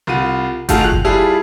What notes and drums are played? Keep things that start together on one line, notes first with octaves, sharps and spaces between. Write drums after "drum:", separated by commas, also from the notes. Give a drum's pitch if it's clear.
C2 F4 F#5 D#7
D#3 A3 F4 F#4 G#4 A4, drum: kick F#1, hi-hat
F#6 F7
drum: kick F#1
G3 E4 F4 G#4 A4